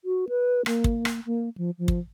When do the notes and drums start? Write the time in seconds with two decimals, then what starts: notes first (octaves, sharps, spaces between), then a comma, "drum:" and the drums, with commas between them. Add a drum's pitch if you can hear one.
0.05 F#4
0.29 B4
0.66 A#3, drum: rim click
0.84 drum: kick
1.05 drum: rim click
1.26 A#3
1.58 F3
1.79 F3
1.88 drum: kick